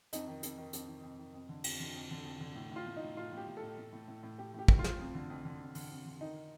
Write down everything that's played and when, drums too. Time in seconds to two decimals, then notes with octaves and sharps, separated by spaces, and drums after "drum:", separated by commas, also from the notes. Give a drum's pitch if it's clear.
0.13 F2 D#4, drum: hi-hat
0.27 D#3
0.43 F2, drum: hi-hat
0.58 D#3
0.73 F2, drum: hi-hat
0.89 D#3
1.03 F2
1.19 D#3
1.34 F2
1.49 D3
1.64 F2, drum: cymbal
1.80 D3
1.95 F2
2.11 D3
2.25 F2
2.40 D3
2.55 A2
2.71 A2 F4
2.86 A2
2.97 D#4
3.02 A2
3.16 A2 F4
3.32 A2
3.38 G4
3.47 A2
3.57 A4
3.63 A2
3.78 A2
3.93 A2
4.08 A2
4.23 A2
4.39 A2 G4
4.54 A2 G4
4.68 A2, drum: kick
4.79 F4
4.84 A2, drum: snare
4.99 F2
5.15 D3
5.30 F2
5.45 D3
5.60 F2
5.75 D3, drum: open hi-hat
5.91 F2
6.05 D3
6.21 D#3 D#4